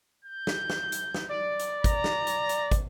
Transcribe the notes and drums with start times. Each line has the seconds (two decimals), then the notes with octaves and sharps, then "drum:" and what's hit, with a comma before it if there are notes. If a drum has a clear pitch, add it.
0.25 G6
0.47 drum: snare
0.70 drum: snare
0.92 drum: hi-hat
1.14 drum: snare
1.29 D5
1.59 drum: hi-hat
1.84 A#5, drum: kick, hi-hat
2.04 drum: snare
2.27 drum: hi-hat
2.49 drum: hi-hat
2.72 drum: kick, hi-hat